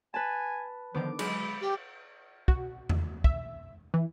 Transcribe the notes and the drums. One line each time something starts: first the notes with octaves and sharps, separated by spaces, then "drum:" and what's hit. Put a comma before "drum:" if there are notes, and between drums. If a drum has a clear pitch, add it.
B4 G#5 A5
D3 D#3 F3 B3 D6
F#3 G#3 B5, drum: cymbal
G4
F#4, drum: kick
drum: tom E2
E5, drum: kick
E3